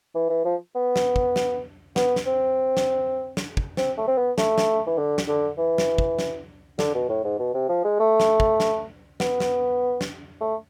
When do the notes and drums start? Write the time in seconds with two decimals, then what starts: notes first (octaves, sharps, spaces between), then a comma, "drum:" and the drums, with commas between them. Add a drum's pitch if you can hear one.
0.15 E3
0.30 E3
0.45 F3
0.75 B3
0.96 drum: snare
1.16 drum: kick
1.36 drum: snare
1.96 B3, drum: snare
2.16 drum: snare
2.27 C4
2.77 drum: snare
3.37 drum: snare
3.57 drum: kick
3.77 C4, drum: snare
3.98 A3
4.07 C4
4.18 B3
4.38 A3, drum: snare
4.58 drum: snare
4.87 E3
4.98 D3
5.18 drum: snare
5.28 D3
5.58 E3
5.78 drum: snare
5.98 drum: kick
6.19 drum: snare
6.79 D3, drum: snare
6.94 B2
7.09 A2
7.24 G#2
7.39 B2
7.54 C3
7.69 F3
7.85 G#3
8.00 A3
8.20 drum: snare
8.40 drum: kick
8.60 drum: snare
9.20 B3, drum: snare
9.40 drum: snare
10.01 drum: snare
10.41 A3